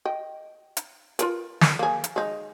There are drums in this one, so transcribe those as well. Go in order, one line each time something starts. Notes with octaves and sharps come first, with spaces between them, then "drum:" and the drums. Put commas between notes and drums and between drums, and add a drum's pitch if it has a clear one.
D#5 G5
drum: hi-hat
F4 A#4 B4, drum: hi-hat
drum: snare
A#3 G#4
drum: hi-hat
G#3 D#4